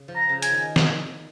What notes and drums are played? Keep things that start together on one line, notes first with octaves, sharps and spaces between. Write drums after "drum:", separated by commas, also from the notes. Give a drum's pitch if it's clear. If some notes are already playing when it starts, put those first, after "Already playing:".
Already playing: C#3
F3
A#5
C#3
G#5, drum: hi-hat
D#3
drum: snare